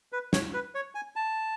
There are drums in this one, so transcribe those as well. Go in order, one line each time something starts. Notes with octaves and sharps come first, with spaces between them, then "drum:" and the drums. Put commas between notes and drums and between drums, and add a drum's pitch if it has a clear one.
B4
C#5, drum: snare
B4
C#5
G#5
A5